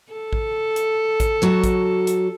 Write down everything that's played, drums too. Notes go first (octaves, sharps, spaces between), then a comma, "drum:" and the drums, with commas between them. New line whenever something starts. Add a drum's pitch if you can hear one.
A4
drum: kick A1
drum: hi-hat
drum: kick A1, hi-hat
F#3 F#4 A5
drum: kick A1, hi-hat
drum: hi-hat